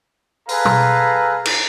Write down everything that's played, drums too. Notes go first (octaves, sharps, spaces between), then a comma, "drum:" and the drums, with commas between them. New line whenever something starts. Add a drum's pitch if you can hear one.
G#4 A4 B4 F5 A#5, drum: open hi-hat
drum: tom
drum: cymbal